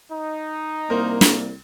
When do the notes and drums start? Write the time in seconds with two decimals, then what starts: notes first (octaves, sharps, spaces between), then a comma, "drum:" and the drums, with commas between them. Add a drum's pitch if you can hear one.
0.11 D#4
0.90 C2 A#3 A#4 C5
1.21 drum: snare